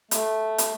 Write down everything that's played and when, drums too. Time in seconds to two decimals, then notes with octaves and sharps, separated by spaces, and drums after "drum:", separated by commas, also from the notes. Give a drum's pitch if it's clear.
0.11 A3, drum: hi-hat
0.58 drum: hi-hat